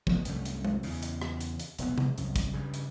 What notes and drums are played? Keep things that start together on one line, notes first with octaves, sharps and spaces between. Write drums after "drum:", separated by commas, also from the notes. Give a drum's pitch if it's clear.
F3 A3 B3, drum: kick
C2 F#2 F3 A3, drum: hi-hat
drum: hi-hat
drum: tom G#3
E2 C#3, drum: open hi-hat
drum: hi-hat
drum: rim click
drum: hi-hat
drum: hi-hat
E1 B1 B3, drum: hi-hat
drum: tom C3
C2 F#2, drum: hi-hat
drum: kick, hi-hat
G2 C#3
drum: hi-hat